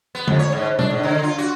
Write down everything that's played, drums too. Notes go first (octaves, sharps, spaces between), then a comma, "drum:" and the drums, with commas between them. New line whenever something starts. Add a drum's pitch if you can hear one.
B3
F2, drum: tom D3
C#5
G#2
D4, drum: tom
G#2
D3
F4
F#4